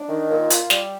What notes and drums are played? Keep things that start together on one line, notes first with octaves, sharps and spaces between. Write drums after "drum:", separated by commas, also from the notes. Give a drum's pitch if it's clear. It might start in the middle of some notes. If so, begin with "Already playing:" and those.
Already playing: D4
D#3
A#2
F4, drum: hi-hat
G3, drum: snare